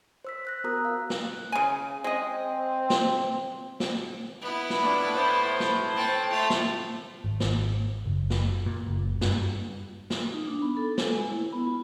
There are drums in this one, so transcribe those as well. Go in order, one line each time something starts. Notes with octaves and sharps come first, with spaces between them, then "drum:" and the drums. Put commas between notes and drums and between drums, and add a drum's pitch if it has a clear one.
C5 E6 B6
E6 F#6 A#6
B3 F#4 A#4 A#5 D#6 F#6
F#4 F5
drum: snare
C#3 G#5
G#3 C4 D#5
drum: snare
drum: snare
B3 E4
drum: snare
A2 D4
A2 C5
drum: snare
C4 A4
A3 F4
drum: snare
G#1
drum: snare
F#1
drum: snare
A#2
F#1
G2, drum: snare
drum: snare
D#4
D4
B3
A4
B4, drum: snare
G#3
E4
B3
F4